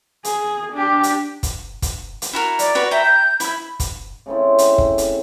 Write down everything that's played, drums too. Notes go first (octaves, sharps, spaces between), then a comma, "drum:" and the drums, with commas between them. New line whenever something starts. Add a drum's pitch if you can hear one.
G#4, drum: hi-hat
D4 G4
drum: hi-hat
drum: kick, hi-hat
drum: kick, hi-hat
drum: hi-hat
E4 F#4 A#4
D5, drum: hi-hat
F#4 B4 C#5
E5 G5 A#5
G6
E4 E5 B5, drum: hi-hat
drum: kick, hi-hat
C#3 A3 C4 E4
drum: hi-hat
drum: kick
drum: hi-hat